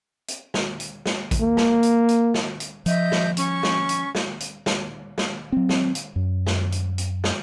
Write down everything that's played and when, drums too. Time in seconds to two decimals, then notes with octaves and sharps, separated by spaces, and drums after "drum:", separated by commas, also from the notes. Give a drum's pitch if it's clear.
0.28 drum: hi-hat
0.54 drum: snare
0.80 drum: hi-hat
1.06 drum: snare
1.31 drum: kick, hi-hat
1.40 A#3
1.57 drum: snare
1.83 drum: hi-hat
2.09 drum: hi-hat
2.34 drum: snare
2.60 drum: hi-hat
2.86 F3 D#5 E5 G6, drum: hi-hat
3.12 drum: snare
3.37 C#4 C#6, drum: hi-hat
3.63 drum: snare
3.89 drum: hi-hat
4.15 drum: snare
4.40 drum: hi-hat
4.66 drum: snare
5.18 drum: snare
5.52 F#3 C4
5.69 drum: snare
5.95 drum: hi-hat
6.16 F#2
6.47 drum: snare
6.72 drum: hi-hat
6.98 drum: hi-hat
7.24 drum: snare